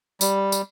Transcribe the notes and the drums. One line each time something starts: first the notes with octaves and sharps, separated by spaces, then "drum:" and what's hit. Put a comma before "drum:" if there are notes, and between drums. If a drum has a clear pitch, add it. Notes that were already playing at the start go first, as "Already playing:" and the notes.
G3, drum: tambourine
drum: tambourine